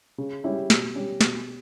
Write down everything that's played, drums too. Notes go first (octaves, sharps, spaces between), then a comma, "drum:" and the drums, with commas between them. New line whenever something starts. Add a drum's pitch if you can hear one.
C#3
G3 C#4 E4 G4
B2, drum: snare
G3 C#4 G4
B2, drum: snare